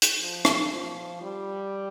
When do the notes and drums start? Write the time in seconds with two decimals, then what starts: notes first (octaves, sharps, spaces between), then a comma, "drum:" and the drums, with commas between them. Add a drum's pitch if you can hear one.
0.02 drum: hi-hat
0.20 F3
0.45 drum: rim click
0.72 F3
1.22 G3